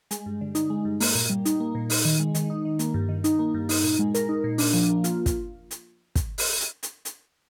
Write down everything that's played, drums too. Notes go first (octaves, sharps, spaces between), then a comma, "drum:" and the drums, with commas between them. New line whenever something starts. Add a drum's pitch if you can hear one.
G#3, drum: hi-hat
G2
D3
D#4, drum: hi-hat
G#3
G2
A#3, drum: open hi-hat
A#2
G3
D#4, drum: hi-hat
A#3
A#2
D#4, drum: open hi-hat
D#3
G#3
D#3, drum: hi-hat
D#4
D#3
A#3, drum: hi-hat
G2
D#3
D#4, drum: hi-hat
A#3
G2
D#4, drum: open hi-hat
A#2
G#3
A#4, drum: hi-hat
D#4
A#2
D4, drum: open hi-hat
F3
A#3
F4, drum: hi-hat
drum: kick, hi-hat
drum: hi-hat
drum: kick, hi-hat
drum: open hi-hat
drum: hi-hat
drum: hi-hat
drum: hi-hat